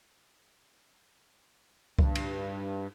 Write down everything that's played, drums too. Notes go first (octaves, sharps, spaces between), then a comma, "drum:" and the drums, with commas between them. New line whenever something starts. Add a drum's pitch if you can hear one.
G2, drum: kick C2
drum: cymbal